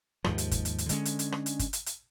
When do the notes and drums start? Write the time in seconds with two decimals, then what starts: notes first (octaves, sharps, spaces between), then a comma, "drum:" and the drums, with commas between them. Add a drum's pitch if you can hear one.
0.24 D#2 G#2 F3, drum: rim click
0.38 drum: hi-hat
0.51 drum: kick G1, hi-hat
0.65 drum: hi-hat
0.78 drum: hi-hat
0.89 D3 G#3 C#4, drum: hi-hat
1.05 drum: hi-hat
1.19 drum: hi-hat
1.32 drum: rim click
1.46 drum: hi-hat
1.59 drum: kick G1, hi-hat
1.73 drum: hi-hat
1.86 drum: hi-hat